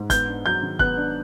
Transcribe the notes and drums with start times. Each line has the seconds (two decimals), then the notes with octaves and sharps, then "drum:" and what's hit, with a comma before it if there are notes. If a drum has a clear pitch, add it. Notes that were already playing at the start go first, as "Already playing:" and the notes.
Already playing: G#2
0.10 B3 G6, drum: kick, hi-hat
0.28 D4
0.45 F#3 G6
0.63 D#3
0.79 B3 F#6, drum: kick
0.97 D4